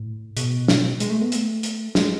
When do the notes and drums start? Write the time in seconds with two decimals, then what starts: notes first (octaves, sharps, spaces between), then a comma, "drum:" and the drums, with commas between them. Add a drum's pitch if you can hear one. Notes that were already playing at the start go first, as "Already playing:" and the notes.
Already playing: A2
0.37 B2, drum: hi-hat
0.68 drum: snare
1.00 G#3, drum: hi-hat
1.10 A3
1.21 B3
1.32 A3, drum: hi-hat
1.63 drum: hi-hat
1.95 G#3, drum: snare